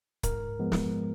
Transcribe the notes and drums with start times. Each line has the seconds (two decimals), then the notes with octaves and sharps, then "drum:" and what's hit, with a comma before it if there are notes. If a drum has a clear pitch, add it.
0.23 G#2 A#4, drum: kick, hi-hat
0.60 F3 G#3 B3
0.72 drum: snare